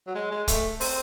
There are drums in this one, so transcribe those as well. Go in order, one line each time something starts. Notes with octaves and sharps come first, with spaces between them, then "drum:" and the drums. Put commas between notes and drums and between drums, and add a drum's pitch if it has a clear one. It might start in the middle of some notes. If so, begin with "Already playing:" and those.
F#3
G#3
G#3
A3, drum: kick, hi-hat
C4, drum: open hi-hat